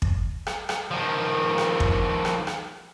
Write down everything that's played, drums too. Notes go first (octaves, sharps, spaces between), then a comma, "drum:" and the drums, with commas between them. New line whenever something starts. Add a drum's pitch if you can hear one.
drum: kick
drum: rim click
drum: rim click
D#3 F3
drum: rim click
drum: kick
drum: rim click
drum: rim click